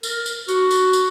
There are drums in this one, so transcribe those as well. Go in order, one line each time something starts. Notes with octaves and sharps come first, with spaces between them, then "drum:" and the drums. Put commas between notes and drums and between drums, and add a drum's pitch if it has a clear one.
A#4, drum: tambourine
drum: tambourine
F#4, drum: tambourine
drum: tambourine
drum: tambourine